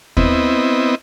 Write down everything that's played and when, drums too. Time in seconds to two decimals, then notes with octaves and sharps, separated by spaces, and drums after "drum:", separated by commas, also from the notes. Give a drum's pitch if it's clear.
0.17 B3 C4 E4 D#5, drum: kick D#2